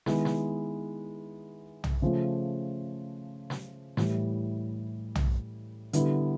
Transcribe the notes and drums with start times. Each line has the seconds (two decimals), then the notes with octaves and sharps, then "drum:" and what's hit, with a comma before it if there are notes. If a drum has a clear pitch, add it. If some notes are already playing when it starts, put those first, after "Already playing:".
0.06 D#3 G#3 B3 E4, drum: snare
0.25 drum: snare
1.84 drum: tom B1
2.02 C#3 F3 A3
3.50 drum: snare
3.97 A2 E3 G3, drum: snare
5.15 drum: tom B1
5.93 D3 G3 B3 E4, drum: hi-hat